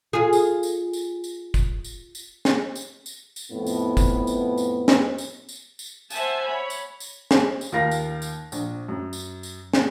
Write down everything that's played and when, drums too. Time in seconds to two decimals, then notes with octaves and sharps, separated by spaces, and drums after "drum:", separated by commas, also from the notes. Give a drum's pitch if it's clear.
0.13 F4 G#4
0.33 drum: tambourine
0.63 drum: tambourine
0.93 drum: tambourine
1.24 drum: tambourine
1.54 drum: kick, tambourine
1.84 drum: tambourine
2.15 drum: tambourine
2.45 drum: snare
2.75 drum: tambourine
3.06 drum: tambourine
3.36 drum: tambourine
3.52 F2 A2 B3
3.67 drum: tambourine
3.97 drum: kick, tambourine
4.27 drum: tambourine
4.58 drum: tambourine
4.88 drum: snare
5.18 drum: tambourine
5.49 drum: tambourine
5.79 drum: tambourine
6.10 C5 E5 F#5 G#5 A5, drum: tambourine
6.45 C#5 B5
6.70 drum: tambourine
7.00 drum: tambourine
7.31 drum: snare
7.61 drum: tambourine
7.72 D#2 F4 A#4 F5 A#6
7.91 drum: tambourine
8.22 drum: tambourine
8.52 A#1, drum: tambourine
8.88 F#2
9.13 drum: tambourine
9.43 drum: tambourine
9.74 drum: snare